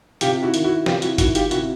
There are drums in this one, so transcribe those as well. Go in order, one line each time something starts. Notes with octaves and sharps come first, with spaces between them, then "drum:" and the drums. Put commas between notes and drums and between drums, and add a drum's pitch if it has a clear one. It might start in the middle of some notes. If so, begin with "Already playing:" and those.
C3 F4 G4, drum: hi-hat
E4 F#4
D#3, drum: hi-hat
E4 F#4
C3 F4 G4, drum: snare
E4 F#4, drum: hi-hat
D#3 E4 F#4, drum: kick G1, hi-hat
F4 G4, drum: hi-hat
C3 E4 F#4, drum: hi-hat